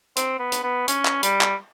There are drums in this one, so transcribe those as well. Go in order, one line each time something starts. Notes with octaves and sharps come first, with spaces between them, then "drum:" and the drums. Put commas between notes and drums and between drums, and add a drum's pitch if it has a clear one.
C4, drum: hi-hat
B3
drum: hi-hat
B3
C#4, drum: hi-hat
drum: clap
G3, drum: hi-hat
drum: clap